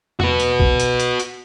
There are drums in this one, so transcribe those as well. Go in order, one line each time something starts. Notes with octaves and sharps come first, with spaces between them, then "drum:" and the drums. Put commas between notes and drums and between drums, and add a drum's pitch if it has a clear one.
F#4 B4, drum: tom E2
drum: hi-hat
drum: kick B1
drum: hi-hat
drum: hi-hat
drum: hi-hat